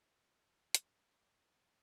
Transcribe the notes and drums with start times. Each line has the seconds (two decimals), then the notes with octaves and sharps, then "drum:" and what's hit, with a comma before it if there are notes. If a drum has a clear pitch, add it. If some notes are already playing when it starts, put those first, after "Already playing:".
0.10 C2 A2 C#3 A3 A#4 F5
0.75 drum: hi-hat